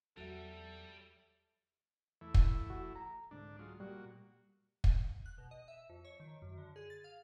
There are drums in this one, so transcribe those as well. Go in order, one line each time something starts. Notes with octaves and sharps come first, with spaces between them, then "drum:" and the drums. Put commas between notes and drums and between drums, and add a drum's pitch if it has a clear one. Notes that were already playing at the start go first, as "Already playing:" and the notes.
E2 F#3 G3 F#4 A4 E5
E2 E3 A3 E4
drum: kick
F#4
A#5
C2 G#2 D3 D4
F#3 G#3 F4
A#2 G3 F#4
drum: kick
F#6
B2
D#5
E5
F2
C#5
D#3
F#2
D3
G#4
A6
F5